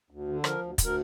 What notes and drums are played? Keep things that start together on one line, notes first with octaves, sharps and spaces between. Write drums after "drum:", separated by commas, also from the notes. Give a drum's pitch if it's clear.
D2
D3
F3 A#4, drum: rim click
D2
D2, drum: kick, hi-hat
A#4